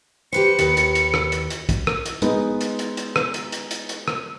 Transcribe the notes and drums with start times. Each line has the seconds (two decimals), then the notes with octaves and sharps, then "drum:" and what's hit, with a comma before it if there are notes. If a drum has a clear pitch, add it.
0.33 G4 B4 C5 C#7
0.59 D#2 B4, drum: hi-hat
0.77 drum: hi-hat
0.95 drum: hi-hat
1.14 drum: rim click
1.32 drum: hi-hat
1.50 drum: hi-hat
1.69 drum: kick, hi-hat
1.87 drum: rim click
2.06 drum: hi-hat
2.22 G#3 B3 D#4, drum: hi-hat
2.61 drum: hi-hat
2.79 drum: hi-hat
2.97 drum: hi-hat
3.16 drum: rim click
3.34 drum: hi-hat
3.52 drum: hi-hat
3.71 drum: hi-hat
3.89 drum: hi-hat
4.08 drum: rim click